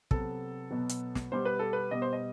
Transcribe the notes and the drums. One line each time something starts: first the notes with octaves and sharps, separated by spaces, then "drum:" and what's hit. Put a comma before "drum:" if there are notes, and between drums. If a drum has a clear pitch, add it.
C3 F#3 B3 A4, drum: kick
B2 F#3 B3
drum: hi-hat
drum: snare
B2 G3 B3 C5
B4
A4
B4
B2 G3 B3 D#5
C5
D#5